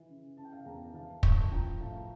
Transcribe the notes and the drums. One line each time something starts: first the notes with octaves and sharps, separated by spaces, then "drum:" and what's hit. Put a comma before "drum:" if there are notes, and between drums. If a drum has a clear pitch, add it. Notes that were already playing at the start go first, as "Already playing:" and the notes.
Already playing: E3
C#3
C#3 A5
G5
F5 A5
E2 G5 A#5
E3 F5 A5
A2 A5 C#6, drum: kick
F3 G5 A#5
A2 F5 A5